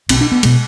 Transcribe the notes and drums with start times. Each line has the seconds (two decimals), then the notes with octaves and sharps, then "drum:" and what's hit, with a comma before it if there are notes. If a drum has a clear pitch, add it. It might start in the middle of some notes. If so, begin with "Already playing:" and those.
0.09 B1 B2 C4, drum: cymbal
0.21 D4
0.32 B3
0.43 B2 G#3, drum: cymbal